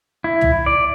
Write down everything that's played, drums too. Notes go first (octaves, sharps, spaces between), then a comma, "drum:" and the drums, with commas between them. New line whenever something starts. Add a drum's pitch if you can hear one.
E4
drum: tom
D5